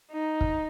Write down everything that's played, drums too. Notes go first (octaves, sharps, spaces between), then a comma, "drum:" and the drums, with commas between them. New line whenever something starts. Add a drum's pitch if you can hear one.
D#4
drum: kick